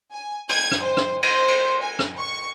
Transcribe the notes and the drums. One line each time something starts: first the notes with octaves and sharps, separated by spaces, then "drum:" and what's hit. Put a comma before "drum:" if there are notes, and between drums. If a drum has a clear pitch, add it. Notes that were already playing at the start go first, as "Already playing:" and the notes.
G#5
G#6, drum: cymbal
drum: rim click
C5
drum: rim click
C5, drum: cymbal
drum: cymbal
G#5
drum: rim click
C#6